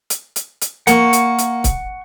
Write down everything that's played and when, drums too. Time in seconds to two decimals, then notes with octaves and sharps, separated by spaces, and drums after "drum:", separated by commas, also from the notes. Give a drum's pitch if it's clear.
0.10 drum: hi-hat
0.36 drum: hi-hat
0.61 drum: hi-hat
0.87 A#3 F#5 C#6, drum: hi-hat
1.13 drum: hi-hat
1.38 drum: hi-hat
1.64 drum: kick C#1, hi-hat